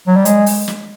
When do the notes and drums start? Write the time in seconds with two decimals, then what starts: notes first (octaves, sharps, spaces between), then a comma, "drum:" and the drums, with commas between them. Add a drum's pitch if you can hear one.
0.07 F#3
0.16 G3
0.25 G#3, drum: hi-hat
0.46 drum: open hi-hat
0.68 drum: snare